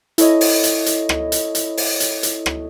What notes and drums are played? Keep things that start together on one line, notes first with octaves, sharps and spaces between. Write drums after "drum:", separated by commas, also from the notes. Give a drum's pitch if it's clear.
E4 A4 C#5 D#5, drum: hi-hat
drum: open hi-hat
drum: hi-hat
drum: hi-hat
drum: rim click
drum: hi-hat
drum: hi-hat
drum: open hi-hat
drum: hi-hat
drum: hi-hat
drum: rim click